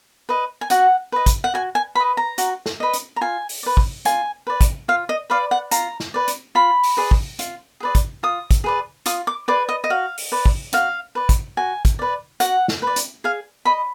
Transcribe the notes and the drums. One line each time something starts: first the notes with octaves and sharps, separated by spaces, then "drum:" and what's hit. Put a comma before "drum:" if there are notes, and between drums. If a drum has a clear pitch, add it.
B4 D#5
G#5
F#4 F#5, drum: hi-hat
B4 D#5
drum: kick, hi-hat
F#5
F#4 G#5
G#5
B4 D#5 B5
A#5
F#4, drum: hi-hat
drum: snare
B4 D#5
drum: hi-hat
A#5
F4 G#5
drum: open hi-hat
B4 D5
drum: kick
F4 G#5, drum: hi-hat
B4 D5
drum: kick, hi-hat
F4 F5
D#5
B4 D5 F5
F#5
F4 A#5, drum: hi-hat
drum: snare
B4 D5
drum: hi-hat
F4 B5
drum: open hi-hat
G#4 B4 D5
drum: kick
F4, drum: hi-hat
G#4 B4 D5
drum: kick, hi-hat
F4 D#6
drum: kick, hi-hat
G#4 B4 D5
F4 D#6, drum: hi-hat
D6
G#4 B4 D5 D6
D#5
D#5
F#4 F5
drum: open hi-hat
B4 D5
drum: kick
F#4 F5, drum: hi-hat
B4 D5
drum: kick, hi-hat
F#4 G#5
drum: kick, hi-hat
B4 D5
F#4 F#5, drum: hi-hat
drum: snare
B4
D5
drum: hi-hat
G#4 F5
D#5 B5